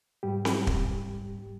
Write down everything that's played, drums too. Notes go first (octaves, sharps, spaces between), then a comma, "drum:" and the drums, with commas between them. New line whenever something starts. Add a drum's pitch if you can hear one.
G#2 G3 G4
drum: snare C4
drum: kick